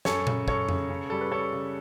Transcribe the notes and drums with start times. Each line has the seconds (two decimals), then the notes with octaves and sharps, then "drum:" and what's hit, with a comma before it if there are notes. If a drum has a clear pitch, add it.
0.05 F#2 A4 C#5, drum: snare
0.27 C#3, drum: tom A#2
0.48 F#2 A4 C#5, drum: kick
0.69 C#3, drum: tom F2
0.90 C#3
1.10 G3 A4
1.21 B4
1.31 C#3 A4 C#5
1.53 C#3